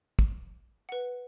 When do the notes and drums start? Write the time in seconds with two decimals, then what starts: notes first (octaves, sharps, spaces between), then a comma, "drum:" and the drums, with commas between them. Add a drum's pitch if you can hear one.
0.19 drum: kick
0.89 B4 F#5